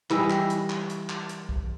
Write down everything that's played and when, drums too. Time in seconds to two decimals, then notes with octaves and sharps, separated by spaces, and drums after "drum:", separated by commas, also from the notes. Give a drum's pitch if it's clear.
0.10 E3 G3 D#5 E5, drum: clap
0.30 drum: clap
0.50 drum: hi-hat
0.70 drum: clap
0.90 drum: hi-hat
1.09 drum: clap
1.29 drum: hi-hat
1.49 drum: kick